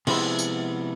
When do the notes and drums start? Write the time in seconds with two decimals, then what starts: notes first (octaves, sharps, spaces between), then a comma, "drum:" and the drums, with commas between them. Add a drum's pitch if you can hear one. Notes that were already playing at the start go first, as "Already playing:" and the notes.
0.07 C3 F3 G#3 B3 E4, drum: cymbal
0.39 drum: tambourine